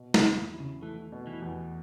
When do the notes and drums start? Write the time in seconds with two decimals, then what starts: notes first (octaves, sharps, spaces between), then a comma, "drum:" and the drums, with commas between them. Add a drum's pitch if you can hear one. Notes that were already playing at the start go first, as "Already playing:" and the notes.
Already playing: B2
0.14 C#3, drum: snare
0.22 E2
0.38 E3
0.53 E4
0.60 C#3
0.82 E3 A3
1.12 B2
1.27 E3
1.42 E2